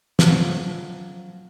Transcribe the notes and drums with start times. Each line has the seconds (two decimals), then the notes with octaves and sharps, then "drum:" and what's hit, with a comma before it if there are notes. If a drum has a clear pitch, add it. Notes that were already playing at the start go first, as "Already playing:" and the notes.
0.19 F#2 F3 F#3, drum: snare